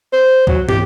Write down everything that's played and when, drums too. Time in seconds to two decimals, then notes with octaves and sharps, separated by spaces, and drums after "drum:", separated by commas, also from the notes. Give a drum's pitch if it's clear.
0.13 C5
0.47 F#3, drum: kick C2
0.69 G4, drum: tom